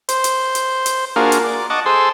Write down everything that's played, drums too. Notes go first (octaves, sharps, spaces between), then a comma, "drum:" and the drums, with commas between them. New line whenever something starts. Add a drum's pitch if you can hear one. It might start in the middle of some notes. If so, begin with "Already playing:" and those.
C5, drum: hi-hat
drum: hi-hat
drum: hi-hat
drum: hi-hat
A#3 D4 F4 F#4 G#4 A#4
drum: hi-hat
D5
D#5 F#5 A5 C#6 D6
G#4 A4 C5 C6 E6